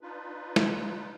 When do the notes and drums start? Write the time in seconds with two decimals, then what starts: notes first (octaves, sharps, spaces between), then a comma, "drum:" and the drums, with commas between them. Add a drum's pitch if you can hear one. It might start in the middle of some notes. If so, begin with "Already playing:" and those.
0.01 D4 D#4 F4 B4
0.56 drum: snare